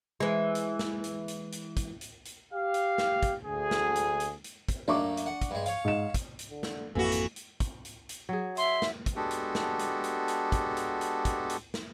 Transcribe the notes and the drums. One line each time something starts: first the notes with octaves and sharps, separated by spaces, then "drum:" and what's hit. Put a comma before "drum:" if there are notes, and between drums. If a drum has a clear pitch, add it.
E3 G#3
drum: hi-hat
drum: snare
drum: hi-hat
drum: hi-hat
drum: hi-hat
drum: kick, hi-hat
drum: hi-hat
drum: hi-hat
G4 F5
drum: hi-hat
drum: snare
drum: kick, hi-hat
D2 G#4
drum: snare
drum: hi-hat
drum: hi-hat
drum: hi-hat
drum: kick, hi-hat
F#2 A3 A#3 D4 C#6 D6
drum: hi-hat
F#5
drum: kick, hi-hat
G2 G#3
C#5 F5, drum: hi-hat
G#2 E7
drum: kick, hi-hat
drum: hi-hat
D3
drum: snare
G#1 F2 E3 A#3 F#4 A4
drum: hi-hat
drum: hi-hat
drum: kick, hi-hat
drum: hi-hat
drum: hi-hat
F#3 G#4
E5 C6, drum: hi-hat
drum: snare
drum: kick, hi-hat
G#3 B3 D4 F#4 G4 A4
drum: hi-hat
drum: snare
drum: hi-hat
drum: hi-hat
drum: hi-hat
drum: kick, hi-hat
drum: hi-hat
drum: hi-hat
drum: kick, hi-hat
drum: hi-hat
drum: snare